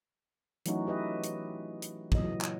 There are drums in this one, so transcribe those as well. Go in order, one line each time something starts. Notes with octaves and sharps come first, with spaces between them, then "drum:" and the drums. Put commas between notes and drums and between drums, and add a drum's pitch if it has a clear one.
E3 F#3 A3 C#4 D#4 F#4, drum: hi-hat
G4 B4 D#5 E5
drum: hi-hat
drum: hi-hat
A#2 C#3 E3 F#3 D#5, drum: kick
drum: clap